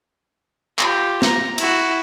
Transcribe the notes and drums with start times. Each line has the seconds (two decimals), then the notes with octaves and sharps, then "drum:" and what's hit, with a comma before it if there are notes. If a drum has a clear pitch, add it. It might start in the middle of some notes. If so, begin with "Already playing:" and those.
0.79 F4 G4, drum: clap
1.22 A#5, drum: snare
1.58 E4 F#4, drum: cymbal